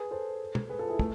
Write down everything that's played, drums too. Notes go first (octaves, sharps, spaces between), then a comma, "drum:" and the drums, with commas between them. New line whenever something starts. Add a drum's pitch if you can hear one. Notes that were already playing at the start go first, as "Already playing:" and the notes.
Already playing: G#4 B4
A4 C5
drum: tom
G#4 B4
F4 A4
E4 G#4
A3, drum: kick